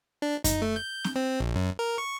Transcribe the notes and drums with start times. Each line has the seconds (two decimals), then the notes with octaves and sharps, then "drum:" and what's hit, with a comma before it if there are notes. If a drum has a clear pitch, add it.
0.22 D4
0.44 D#4, drum: kick F#2, hi-hat
0.62 A3
0.76 G6
1.04 drum: snare
1.16 C4
1.40 A#1
1.55 F#2
1.79 A#4
1.98 C#6